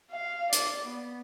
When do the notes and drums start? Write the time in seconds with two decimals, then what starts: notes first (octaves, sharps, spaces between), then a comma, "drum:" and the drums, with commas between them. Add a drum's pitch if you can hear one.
0.11 F5
0.53 D5, drum: hi-hat
0.83 B3